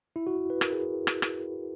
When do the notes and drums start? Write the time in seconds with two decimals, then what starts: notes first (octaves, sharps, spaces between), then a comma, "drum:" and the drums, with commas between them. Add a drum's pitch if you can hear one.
0.16 E4
0.27 F#4
0.50 B4
0.61 A#4, drum: rim click
0.73 G#4
1.07 drum: rim click
1.22 drum: rim click